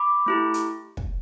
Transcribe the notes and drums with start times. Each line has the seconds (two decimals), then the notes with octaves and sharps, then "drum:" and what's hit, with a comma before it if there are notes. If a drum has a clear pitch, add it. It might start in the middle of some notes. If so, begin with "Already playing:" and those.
Already playing: B5 D6
0.26 A3 E4 G4
0.54 drum: hi-hat
0.97 drum: kick